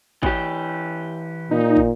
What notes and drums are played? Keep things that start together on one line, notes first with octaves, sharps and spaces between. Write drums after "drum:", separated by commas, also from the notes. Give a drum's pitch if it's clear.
E3 G4, drum: kick
A#2 D#4
drum: kick